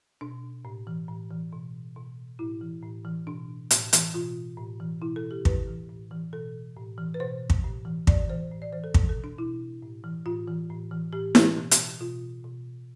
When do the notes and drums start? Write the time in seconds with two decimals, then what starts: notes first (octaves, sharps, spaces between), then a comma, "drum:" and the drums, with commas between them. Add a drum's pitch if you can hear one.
0.21 B2 D4
0.65 A2
0.87 E3
1.09 A2
1.30 E3
1.52 B2
1.96 B2
2.39 A2 E4
2.61 E3
2.83 A2
3.05 E3
3.27 B2 D4
3.71 A2, drum: hi-hat
3.93 E3, drum: hi-hat
4.14 B2 F4
4.57 A2
4.80 E3
5.02 B2 E4
5.16 A4
5.31 G4
5.45 A2 B4, drum: kick
5.67 E3
5.89 A2
6.11 E3
6.33 B2 A4
6.76 A2
6.98 E3
7.14 B4
7.20 B2 C5
7.50 drum: kick
7.64 A2
7.85 E3
8.07 A2 D5, drum: kick
8.29 E3 C5
8.51 A2
8.62 D5
8.73 E3 C5
8.84 A4
8.94 B2, drum: kick
9.09 A4
9.24 D4
9.38 B2 E4
9.82 A2
10.04 E3
10.26 A2 F4
10.48 E3
10.70 A2
10.91 E3
11.13 A2 G4
11.35 E3, drum: snare E4
11.57 B2
11.71 drum: hi-hat
12.01 B2 F4
12.44 B2